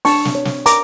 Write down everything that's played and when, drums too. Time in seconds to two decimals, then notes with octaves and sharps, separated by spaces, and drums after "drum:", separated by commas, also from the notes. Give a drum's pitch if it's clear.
0.05 D4 A5 C#6, drum: open hi-hat
0.25 drum: snare
0.35 C#5
0.45 drum: snare
0.66 A#4 A#5 D6, drum: hi-hat